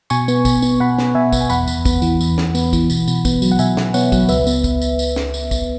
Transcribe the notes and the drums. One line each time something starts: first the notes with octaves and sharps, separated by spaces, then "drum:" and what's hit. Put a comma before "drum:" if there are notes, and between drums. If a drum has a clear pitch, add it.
B2 G#5 C#6, drum: tambourine
B3, drum: tambourine
B2, drum: kick, tambourine
B3, drum: tambourine
B2 F#5 B5
B3, drum: snare
B2 E5 G#5
B3, drum: kick, tambourine
G#5
E2 F#5 B5, drum: tambourine
E2, drum: tambourine
B3, drum: kick, tambourine
E3, drum: tambourine
E2, drum: tambourine
E2, drum: snare
B3, drum: tambourine
E3, drum: kick, tambourine
B2, drum: tambourine
B2, drum: tambourine
B3, drum: kick, tambourine
F#3, drum: tambourine
F#5
B2 E5 G#5, drum: tambourine
B2, drum: snare
B3 C#5 F#5, drum: tambourine
F#3, drum: kick, tambourine
C#2 B4 E5, drum: tambourine
B3, drum: tambourine
drum: kick, tambourine
drum: tambourine
drum: tambourine
drum: snare
drum: tambourine
drum: kick, tambourine